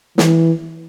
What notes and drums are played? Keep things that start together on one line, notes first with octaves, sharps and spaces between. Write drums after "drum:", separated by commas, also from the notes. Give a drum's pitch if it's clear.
E3, drum: snare